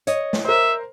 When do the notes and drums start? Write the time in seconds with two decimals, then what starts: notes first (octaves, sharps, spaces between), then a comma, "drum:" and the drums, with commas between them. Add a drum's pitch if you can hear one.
0.07 C#5 D#5, drum: hi-hat
0.33 drum: snare
0.45 A#4 C5 E5